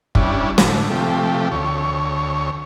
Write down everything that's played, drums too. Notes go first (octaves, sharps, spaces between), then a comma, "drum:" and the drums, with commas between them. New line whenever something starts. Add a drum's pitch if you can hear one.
G3 C#4 D4 E4, drum: kick
A2 D3, drum: snare
C3 F3 A3 G4
D2 C#5